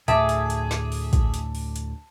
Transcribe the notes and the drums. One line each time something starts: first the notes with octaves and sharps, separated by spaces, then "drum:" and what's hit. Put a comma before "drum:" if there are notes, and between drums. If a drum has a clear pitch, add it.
D2 A2 G#4 E5 A5 D6, drum: hi-hat
drum: hi-hat
drum: hi-hat
drum: snare
drum: open hi-hat
drum: kick, hi-hat
drum: hi-hat
drum: open hi-hat
drum: hi-hat